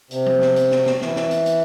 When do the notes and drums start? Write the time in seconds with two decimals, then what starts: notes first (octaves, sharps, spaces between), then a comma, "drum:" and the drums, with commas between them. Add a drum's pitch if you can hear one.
0.11 C3, drum: hi-hat
0.26 drum: tom
0.41 drum: snare
0.56 drum: hi-hat
0.71 drum: snare
0.86 drum: snare
1.01 E3, drum: snare
1.16 drum: snare
1.31 drum: hi-hat
1.46 drum: hi-hat